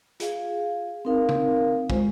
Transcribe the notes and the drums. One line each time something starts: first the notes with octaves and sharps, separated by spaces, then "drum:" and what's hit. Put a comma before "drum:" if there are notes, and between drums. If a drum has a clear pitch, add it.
F4 G#4 F5, drum: hi-hat
C4 D#4 A#4 F5
drum: tom
G#3 F4 C5, drum: kick